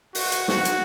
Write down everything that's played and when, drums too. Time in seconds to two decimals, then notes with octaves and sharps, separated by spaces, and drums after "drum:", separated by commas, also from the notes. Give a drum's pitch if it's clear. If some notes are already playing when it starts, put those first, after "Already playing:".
0.15 F#4, drum: open hi-hat
0.32 drum: hi-hat
0.48 F#4, drum: snare
0.65 drum: hi-hat